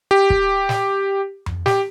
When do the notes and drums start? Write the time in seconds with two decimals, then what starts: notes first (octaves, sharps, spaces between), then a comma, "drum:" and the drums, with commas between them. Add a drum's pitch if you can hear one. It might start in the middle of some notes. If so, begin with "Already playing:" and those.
0.11 G4
0.30 drum: kick
0.69 drum: snare
1.46 drum: tom F2
1.66 G4, drum: snare